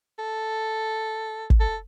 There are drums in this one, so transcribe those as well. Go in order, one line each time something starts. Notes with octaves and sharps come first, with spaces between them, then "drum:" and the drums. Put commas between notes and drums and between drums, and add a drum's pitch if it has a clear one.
A4
drum: kick
A4